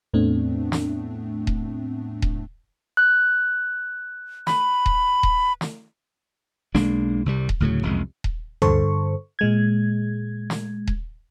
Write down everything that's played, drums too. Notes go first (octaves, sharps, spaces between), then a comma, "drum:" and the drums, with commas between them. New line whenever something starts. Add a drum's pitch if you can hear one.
E2 A2 A3 B3 C4 D4
drum: snare
drum: kick D#1
drum: kick D#1
F#6
B5, drum: snare
drum: kick D#1
drum: kick D#1
drum: snare
B1 G#3 A#3 D4, drum: snare
C2 C3 F#3 G3
drum: kick D#1
D2 A2 C#3 F#3
F#1 C2 F2 G#3
drum: kick D#1
G2 D3 A4 C5 C#6, drum: tom D2
A#2 G#3 G#6
drum: snare
drum: kick D#1